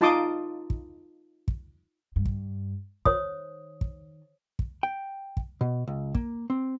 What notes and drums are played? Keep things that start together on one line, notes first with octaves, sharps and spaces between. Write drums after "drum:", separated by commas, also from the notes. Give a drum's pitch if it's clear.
D#4 F4 A5 C6 D6 D#6
drum: kick
drum: kick
G2
drum: kick
D#3 C5 C#5 D#6, drum: kick
drum: kick
drum: kick
G5
drum: kick
B2
C#2
A#3, drum: kick
C4